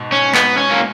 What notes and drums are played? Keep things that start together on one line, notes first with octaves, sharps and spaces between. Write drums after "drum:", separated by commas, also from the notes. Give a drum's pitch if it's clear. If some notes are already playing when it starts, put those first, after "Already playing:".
Already playing: G#2 B2
C#4
B3, drum: clap
C#4
A#3